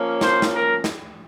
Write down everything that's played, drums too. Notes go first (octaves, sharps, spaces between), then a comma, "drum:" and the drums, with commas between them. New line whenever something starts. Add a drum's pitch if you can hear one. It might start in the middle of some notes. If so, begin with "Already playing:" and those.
Already playing: F3 A#3 C#4
C5, drum: snare
drum: snare
A#4
drum: snare